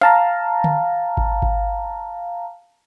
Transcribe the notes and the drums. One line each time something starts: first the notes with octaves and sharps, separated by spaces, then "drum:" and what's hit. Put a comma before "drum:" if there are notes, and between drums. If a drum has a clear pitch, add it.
F5 A5 A#5, drum: rim click
drum: tom D3
drum: kick G#1
drum: kick G#1